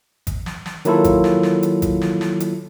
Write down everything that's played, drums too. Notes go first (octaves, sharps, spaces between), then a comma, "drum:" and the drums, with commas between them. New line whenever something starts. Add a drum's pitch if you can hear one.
drum: kick G#1, hi-hat
drum: snare
drum: snare
D#3 F#3 A#3 E4 F4 A4, drum: hi-hat
drum: kick G#1, hi-hat
drum: snare
drum: snare
drum: hi-hat
drum: kick G#1, hi-hat
drum: snare
drum: snare
drum: hi-hat